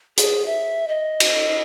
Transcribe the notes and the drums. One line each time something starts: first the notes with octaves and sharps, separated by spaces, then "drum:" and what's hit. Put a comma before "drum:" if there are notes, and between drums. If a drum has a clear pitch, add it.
G#4, drum: hi-hat
E5
D#5
drum: cymbal